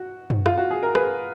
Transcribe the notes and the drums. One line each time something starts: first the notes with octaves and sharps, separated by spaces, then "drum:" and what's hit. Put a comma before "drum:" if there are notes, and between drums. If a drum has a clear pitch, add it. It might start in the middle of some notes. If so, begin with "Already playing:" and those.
Already playing: F#4
drum: tom
F4, drum: rim click
F#4
G#4
A#4
G#4 B4, drum: rim click